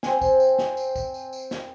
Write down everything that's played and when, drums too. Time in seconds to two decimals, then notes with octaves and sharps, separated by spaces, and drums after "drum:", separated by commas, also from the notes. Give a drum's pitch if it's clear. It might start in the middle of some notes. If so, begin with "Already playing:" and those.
0.03 C4 G#5, drum: snare
0.21 drum: kick, tambourine
0.40 drum: tambourine
0.59 drum: snare
0.77 drum: tambourine
0.96 drum: kick, tambourine
1.14 drum: tambourine
1.33 drum: tambourine
1.51 drum: snare